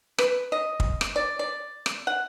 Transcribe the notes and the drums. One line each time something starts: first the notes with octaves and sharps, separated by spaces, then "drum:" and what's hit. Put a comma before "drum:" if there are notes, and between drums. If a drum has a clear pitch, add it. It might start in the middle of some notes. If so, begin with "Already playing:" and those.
B4, drum: rim click
D#5
drum: kick
drum: rim click
D5
D5
drum: rim click
F#5